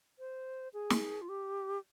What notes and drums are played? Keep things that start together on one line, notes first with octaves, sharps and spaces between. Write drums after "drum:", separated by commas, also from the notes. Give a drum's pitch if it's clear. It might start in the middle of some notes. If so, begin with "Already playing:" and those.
C5
G#4
drum: snare
F4
G4